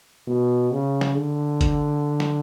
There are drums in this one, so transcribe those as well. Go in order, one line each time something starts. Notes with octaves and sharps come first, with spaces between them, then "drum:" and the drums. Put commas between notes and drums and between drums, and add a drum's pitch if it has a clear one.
B2
C#3
drum: snare
D3
drum: kick G#1, hi-hat
drum: snare